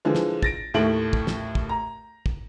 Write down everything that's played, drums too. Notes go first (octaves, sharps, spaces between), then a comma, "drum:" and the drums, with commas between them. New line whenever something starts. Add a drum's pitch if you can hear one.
D3 E3 F3 G#3
drum: snare
A6 A#6 D7, drum: kick
D#2 A2 A3 D7 F#7
drum: kick
drum: snare
drum: kick
A#5
drum: kick